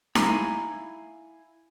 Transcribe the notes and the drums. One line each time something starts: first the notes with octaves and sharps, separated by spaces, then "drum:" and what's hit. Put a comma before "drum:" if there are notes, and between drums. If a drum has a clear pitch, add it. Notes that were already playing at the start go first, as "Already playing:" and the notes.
E4 F5 G#5 A#5 B5, drum: snare D#4